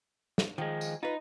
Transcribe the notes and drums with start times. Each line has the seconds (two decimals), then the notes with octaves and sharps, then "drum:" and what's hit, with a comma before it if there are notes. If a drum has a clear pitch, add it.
0.38 drum: snare
0.58 D#3 F3 G#3
0.81 drum: tambourine
1.03 D#4 F4 B4